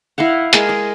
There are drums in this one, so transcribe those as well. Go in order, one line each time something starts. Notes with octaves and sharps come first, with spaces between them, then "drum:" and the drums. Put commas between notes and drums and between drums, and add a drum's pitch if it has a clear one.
E4 D#5 F5 F#5
G#3 G#4 A#4 D#5, drum: hi-hat
D#5